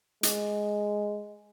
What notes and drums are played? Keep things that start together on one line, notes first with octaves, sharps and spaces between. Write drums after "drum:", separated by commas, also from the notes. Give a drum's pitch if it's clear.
G#3, drum: hi-hat